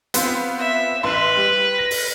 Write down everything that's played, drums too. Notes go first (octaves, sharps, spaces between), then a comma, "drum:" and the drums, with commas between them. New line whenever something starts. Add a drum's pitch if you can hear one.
B3 C4 F4, drum: hi-hat
E5
A1 E4 B4 C6
G3
A#6
drum: open hi-hat